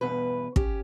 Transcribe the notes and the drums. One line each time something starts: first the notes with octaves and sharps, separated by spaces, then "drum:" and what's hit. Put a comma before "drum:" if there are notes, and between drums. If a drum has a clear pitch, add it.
E2 G2 B2 B4
C#4 G4, drum: kick